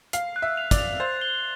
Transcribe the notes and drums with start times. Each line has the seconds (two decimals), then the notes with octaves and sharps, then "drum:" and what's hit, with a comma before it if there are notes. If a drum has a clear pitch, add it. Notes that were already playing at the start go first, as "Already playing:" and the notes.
0.13 F5 C7, drum: hi-hat
0.36 F#6
0.42 E5
0.57 F7
0.71 D5, drum: kick, hi-hat
0.78 F7
1.00 C5 A6
1.21 G7